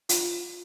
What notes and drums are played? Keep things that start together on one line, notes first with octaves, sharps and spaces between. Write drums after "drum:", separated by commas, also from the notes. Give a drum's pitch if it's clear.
F4, drum: hi-hat